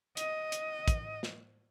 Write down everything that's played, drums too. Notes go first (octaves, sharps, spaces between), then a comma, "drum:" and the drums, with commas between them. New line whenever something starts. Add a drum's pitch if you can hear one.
D#5, drum: hi-hat
drum: hi-hat
drum: kick, hi-hat
drum: snare